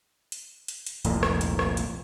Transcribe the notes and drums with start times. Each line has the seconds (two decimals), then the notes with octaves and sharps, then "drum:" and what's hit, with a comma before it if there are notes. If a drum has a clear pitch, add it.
0.32 drum: hi-hat
0.68 drum: hi-hat
0.86 drum: hi-hat
1.05 F1 C2 F2 A#2, drum: hi-hat
1.23 drum: rim click
1.41 drum: hi-hat
1.59 drum: rim click
1.77 drum: hi-hat